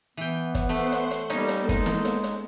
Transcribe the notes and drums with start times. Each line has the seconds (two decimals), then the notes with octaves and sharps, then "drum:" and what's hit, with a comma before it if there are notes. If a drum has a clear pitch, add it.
0.17 E3 B3 G5
0.54 drum: kick, hi-hat
0.69 A3 C5 E5 F#5 C6
0.92 drum: hi-hat
1.11 drum: hi-hat
1.30 G3 A#3 B3 C#4 D#4 A4, drum: hi-hat
1.48 drum: hi-hat
1.69 G#3 D#4, drum: kick, hi-hat
1.86 drum: snare
2.05 drum: hi-hat
2.24 drum: hi-hat